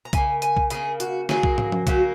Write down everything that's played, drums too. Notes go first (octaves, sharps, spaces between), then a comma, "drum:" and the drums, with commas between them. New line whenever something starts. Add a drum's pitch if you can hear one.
A#5
C#3 A#3 G#5, drum: kick B1, hi-hat
G#5, drum: hi-hat
drum: kick B1
C#3 A#3 G#4, drum: hi-hat
F#4, drum: hi-hat
C#3 F#3 A#3 G#4, drum: snare
drum: kick B1
drum: tom
drum: tom F3
C#3 F#3 A#3 F#4, drum: kick B1, hi-hat